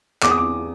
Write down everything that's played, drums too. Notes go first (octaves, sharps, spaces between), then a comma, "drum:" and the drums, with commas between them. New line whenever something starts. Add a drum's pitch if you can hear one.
E2 D6, drum: clap
D#6
D6